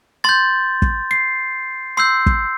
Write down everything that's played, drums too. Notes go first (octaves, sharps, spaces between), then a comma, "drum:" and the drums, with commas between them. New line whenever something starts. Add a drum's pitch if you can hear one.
C6 G6 A6
drum: kick
C7
C6 E6 G6 C7
drum: kick